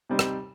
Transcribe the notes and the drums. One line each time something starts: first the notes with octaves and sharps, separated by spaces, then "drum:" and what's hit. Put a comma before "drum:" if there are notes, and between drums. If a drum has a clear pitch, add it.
C3 G3 C4 D#4
drum: rim click